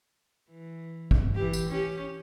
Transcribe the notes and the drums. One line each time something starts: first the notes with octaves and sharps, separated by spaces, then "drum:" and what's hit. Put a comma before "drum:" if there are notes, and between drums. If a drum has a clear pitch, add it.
E3
drum: kick
E3 G4
drum: tambourine
C#4 G4